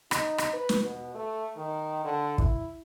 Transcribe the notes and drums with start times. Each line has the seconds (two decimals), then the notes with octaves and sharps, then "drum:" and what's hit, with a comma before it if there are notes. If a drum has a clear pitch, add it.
0.11 D#4, drum: rim click
0.38 drum: rim click
0.53 B4
0.69 drum: snare
0.83 B2
1.15 A3
1.56 D#3
2.05 D3
2.38 E4, drum: kick